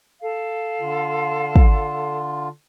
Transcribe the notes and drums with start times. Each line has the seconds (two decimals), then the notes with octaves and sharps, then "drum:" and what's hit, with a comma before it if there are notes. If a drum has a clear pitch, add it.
0.21 A4 F5
0.81 D3 F4
1.56 drum: kick